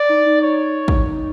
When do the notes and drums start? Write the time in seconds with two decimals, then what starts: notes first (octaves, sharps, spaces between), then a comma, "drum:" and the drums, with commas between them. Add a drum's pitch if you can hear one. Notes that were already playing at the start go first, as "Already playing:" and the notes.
Already playing: D5
0.09 D#4
0.26 D#4
0.42 C#5
0.88 drum: kick